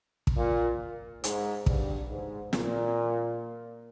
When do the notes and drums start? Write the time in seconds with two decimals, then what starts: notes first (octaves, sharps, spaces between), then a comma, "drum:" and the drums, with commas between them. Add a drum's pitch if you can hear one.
0.27 drum: kick
0.37 A#2
1.24 G#2, drum: hi-hat
1.66 G2, drum: kick
2.09 G#2
2.53 A#2, drum: snare